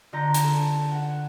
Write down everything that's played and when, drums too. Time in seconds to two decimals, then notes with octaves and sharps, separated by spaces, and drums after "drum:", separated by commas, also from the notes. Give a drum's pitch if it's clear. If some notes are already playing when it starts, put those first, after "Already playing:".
0.13 D3 F4 A#5 G6
0.34 drum: hi-hat
0.44 A4
0.92 F#5